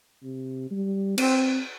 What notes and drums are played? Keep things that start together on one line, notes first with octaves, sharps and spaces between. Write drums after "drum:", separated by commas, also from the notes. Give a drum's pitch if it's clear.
C3
G3
C4, drum: cymbal